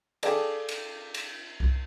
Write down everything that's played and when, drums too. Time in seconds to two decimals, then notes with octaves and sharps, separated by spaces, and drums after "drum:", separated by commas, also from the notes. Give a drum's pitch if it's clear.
0.23 G#4 A4 D5 F5 G5 A5, drum: cymbal
0.69 drum: cymbal
1.14 drum: cymbal
1.60 drum: kick C2